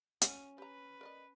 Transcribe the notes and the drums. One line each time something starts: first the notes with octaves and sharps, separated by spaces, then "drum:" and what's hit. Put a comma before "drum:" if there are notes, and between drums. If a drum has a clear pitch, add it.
F#3 C#4 E5 F#5, drum: hi-hat
G4 B4 A#5
A#4 D5 D#5